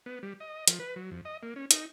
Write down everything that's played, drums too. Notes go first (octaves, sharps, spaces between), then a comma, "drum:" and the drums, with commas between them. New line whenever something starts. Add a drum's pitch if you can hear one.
B3
G3
D#5
F3, drum: hi-hat
B4
F#3
F2
D#5
A#3
C#4
D#4, drum: hi-hat